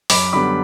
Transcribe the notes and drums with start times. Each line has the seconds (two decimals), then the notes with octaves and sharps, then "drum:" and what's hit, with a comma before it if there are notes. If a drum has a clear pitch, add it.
0.10 F#2 B5 D6, drum: open hi-hat
0.33 D3 G3 B3 B5 D6